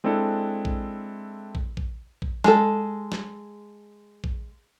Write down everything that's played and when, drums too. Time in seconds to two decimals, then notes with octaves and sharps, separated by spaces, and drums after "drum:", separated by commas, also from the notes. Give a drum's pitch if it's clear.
0.04 G#3 C4 D4 E4 A4
0.65 drum: kick
1.55 drum: kick
1.77 drum: kick
2.22 drum: kick
2.44 G#3 A4, drum: snare
3.12 drum: snare
4.24 drum: kick